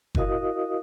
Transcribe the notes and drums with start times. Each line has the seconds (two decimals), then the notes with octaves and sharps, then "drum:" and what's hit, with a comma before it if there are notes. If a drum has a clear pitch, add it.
0.15 E4 F#4 A#4 D#5 F5 D#6, drum: kick F#1